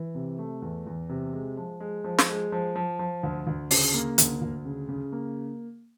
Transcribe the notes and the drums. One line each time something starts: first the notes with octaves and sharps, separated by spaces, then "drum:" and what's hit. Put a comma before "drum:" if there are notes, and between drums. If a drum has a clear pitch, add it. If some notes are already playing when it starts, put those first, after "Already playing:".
Already playing: E3
C3
A3
E2
E2
C3
G#3
F3
G#3
F3
drum: snare
G#3
F3
F3
F3
D2
D2
C#3, drum: open hi-hat
A#3
D2, drum: hi-hat
D2
C#3
C#3
A#3